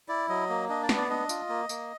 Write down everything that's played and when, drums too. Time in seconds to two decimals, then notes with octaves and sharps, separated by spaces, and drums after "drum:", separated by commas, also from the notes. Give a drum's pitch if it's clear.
0.08 E4 D5
0.29 F#3 D#5
0.49 A#3
0.69 D4 D#5
0.83 D5
0.89 B3, drum: snare
0.96 D5
1.09 D4 D#5
1.29 F4, drum: tambourine
1.49 A#3
1.69 A#3, drum: tambourine